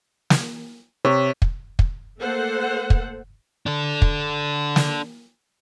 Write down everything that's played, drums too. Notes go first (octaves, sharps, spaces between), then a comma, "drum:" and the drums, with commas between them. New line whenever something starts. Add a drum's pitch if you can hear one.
drum: snare
C3 C#5
drum: kick
drum: kick
A3 A#3 A4 C5 F#5
drum: kick
D4 A4
drum: kick
drum: snare